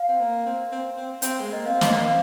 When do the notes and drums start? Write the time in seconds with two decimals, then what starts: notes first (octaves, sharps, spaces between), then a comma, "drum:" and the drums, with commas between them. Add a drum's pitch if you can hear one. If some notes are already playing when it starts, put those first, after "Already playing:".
Already playing: F5
0.09 C4
0.20 A#3
0.46 C4
0.72 C4
0.97 C4
1.22 C4, drum: hi-hat
1.40 G#3
1.53 A#3 D#5
1.66 C4 D#5 F5
1.81 C4, drum: snare
1.88 A#3 D#5
2.05 C4 F5